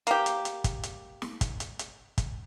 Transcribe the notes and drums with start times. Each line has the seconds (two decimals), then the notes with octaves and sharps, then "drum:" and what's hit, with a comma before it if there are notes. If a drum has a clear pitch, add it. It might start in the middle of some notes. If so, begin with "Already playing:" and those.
0.07 A#3 G4, drum: hi-hat
0.26 drum: hi-hat
0.45 drum: hi-hat
0.64 drum: kick, hi-hat
0.83 drum: hi-hat
1.22 drum: snare
1.41 drum: kick, hi-hat
1.60 drum: hi-hat
1.79 drum: hi-hat
2.18 drum: kick, hi-hat